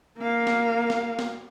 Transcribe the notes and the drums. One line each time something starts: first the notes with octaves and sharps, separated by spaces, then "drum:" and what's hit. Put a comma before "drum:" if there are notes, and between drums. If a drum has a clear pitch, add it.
A#3 F5
drum: snare
drum: snare
drum: snare